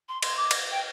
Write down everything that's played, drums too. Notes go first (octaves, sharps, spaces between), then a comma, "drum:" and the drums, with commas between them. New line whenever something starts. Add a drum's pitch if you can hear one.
C6
C6, drum: cymbal
D6
drum: cymbal
G5